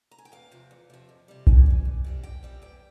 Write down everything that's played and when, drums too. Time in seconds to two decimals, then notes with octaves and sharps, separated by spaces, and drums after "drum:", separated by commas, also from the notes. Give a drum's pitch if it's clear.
0.11 A#5
0.18 G#5
0.25 G5
0.32 E2 F5
0.51 C3 F3
0.71 E2
0.90 C3 F3
1.09 F2
1.28 C3 G3
1.47 F2 G#5, drum: kick A#1
1.66 C3 G3
1.85 F2
2.04 C3 G3 C4
2.23 F2 G5
2.43 C3 G3 C4
2.62 E2 G5